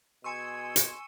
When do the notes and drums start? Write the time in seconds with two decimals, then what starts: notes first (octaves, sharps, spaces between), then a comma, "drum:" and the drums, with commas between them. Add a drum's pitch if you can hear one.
0.24 B2 G#4 G#5 C6 C#6 E6 C#7 E7
0.76 drum: hi-hat